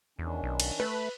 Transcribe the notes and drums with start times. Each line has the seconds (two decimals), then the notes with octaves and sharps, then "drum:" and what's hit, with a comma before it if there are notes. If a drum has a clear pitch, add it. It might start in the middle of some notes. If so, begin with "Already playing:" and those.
0.19 E2 D#3 C#4 D4
0.43 B1
0.60 drum: cymbal
0.80 A3 B4